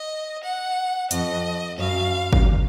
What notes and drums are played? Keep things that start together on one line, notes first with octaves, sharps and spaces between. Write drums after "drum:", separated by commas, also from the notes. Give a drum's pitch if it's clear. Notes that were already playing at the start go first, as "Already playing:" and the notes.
Already playing: D#5
F#5
F2 D#5, drum: hi-hat
F#2 F5
drum: kick G1